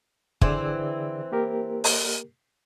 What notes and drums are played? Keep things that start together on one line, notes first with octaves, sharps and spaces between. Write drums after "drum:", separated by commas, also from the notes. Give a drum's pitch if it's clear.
D3 E3 C4 G#4 D5, drum: kick
A#3 G4 A#4
drum: open hi-hat